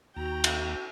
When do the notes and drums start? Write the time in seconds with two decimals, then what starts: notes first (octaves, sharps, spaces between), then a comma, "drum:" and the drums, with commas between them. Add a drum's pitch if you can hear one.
0.17 D#2 F#4 G5 A#5
0.44 drum: cymbal